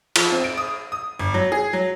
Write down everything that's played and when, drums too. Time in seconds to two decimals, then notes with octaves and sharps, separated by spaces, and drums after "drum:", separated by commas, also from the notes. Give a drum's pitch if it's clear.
0.16 F3, drum: cymbal
0.32 C4
0.44 D7
0.57 D#6
0.92 D#6
1.19 G1
1.34 F#3
1.52 G#4
1.73 F#3